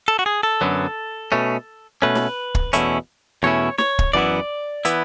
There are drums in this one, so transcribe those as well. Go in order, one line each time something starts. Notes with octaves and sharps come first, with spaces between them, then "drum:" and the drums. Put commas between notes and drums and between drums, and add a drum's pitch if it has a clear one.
A4
F#4
G#4
A4
F#2 D3 F#3 B3
B2 A3 C#4
B2 A3 C#4 B4
drum: snare
drum: kick
E2 B2 A3 C#4 E4, drum: hi-hat
E2 B2 A3 C#4 E4 C#5
C#5, drum: snare
drum: kick
F#2 E3 B3 E4 D5
E3 B3 E4, drum: hi-hat